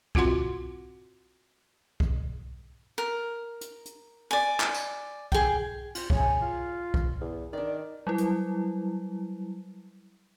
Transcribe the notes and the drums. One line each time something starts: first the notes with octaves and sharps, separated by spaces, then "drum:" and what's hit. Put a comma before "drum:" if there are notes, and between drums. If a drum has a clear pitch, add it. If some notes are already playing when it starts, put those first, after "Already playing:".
C4 F4 F#4 F#5 C6, drum: kick B1
drum: kick B1
A#4
drum: hi-hat
drum: hi-hat
D5 G#5
drum: clap
drum: tambourine
G#4 G5, drum: kick B1
F4 C5, drum: cymbal
C#3 G#4 C#5 G#5, drum: kick B1
F4
drum: kick B1
E2
D#3 D4 D5
F#3 G3 E4
drum: hi-hat